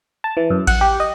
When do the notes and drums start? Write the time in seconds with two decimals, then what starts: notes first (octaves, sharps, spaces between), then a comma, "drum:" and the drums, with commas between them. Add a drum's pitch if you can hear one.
0.24 A5
0.37 E3
0.50 F#2
0.67 F#5, drum: kick A1, cymbal
0.81 G4
1.00 D#5